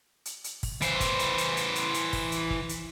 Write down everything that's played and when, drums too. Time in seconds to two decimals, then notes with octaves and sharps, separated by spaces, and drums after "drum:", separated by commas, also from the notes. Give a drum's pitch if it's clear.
0.25 drum: hi-hat
0.44 drum: hi-hat
0.63 drum: kick, open hi-hat
0.82 E3 C5, drum: hi-hat
1.00 drum: kick, hi-hat
1.19 drum: hi-hat
1.38 drum: hi-hat
1.57 drum: hi-hat
1.75 drum: hi-hat
1.94 drum: hi-hat
2.13 drum: kick, open hi-hat
2.32 drum: hi-hat
2.50 drum: kick
2.69 drum: hi-hat